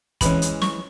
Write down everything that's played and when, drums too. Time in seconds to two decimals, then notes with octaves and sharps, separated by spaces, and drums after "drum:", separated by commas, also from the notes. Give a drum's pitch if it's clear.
0.21 E3 G#3 C#4 B5, drum: kick, hi-hat
0.42 drum: hi-hat
0.62 C#6, drum: snare